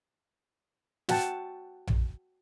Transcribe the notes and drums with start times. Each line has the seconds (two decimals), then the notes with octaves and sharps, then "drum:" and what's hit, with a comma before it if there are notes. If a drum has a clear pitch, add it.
1.09 F#4 F#5 G5 A5, drum: snare
1.87 drum: tom A#1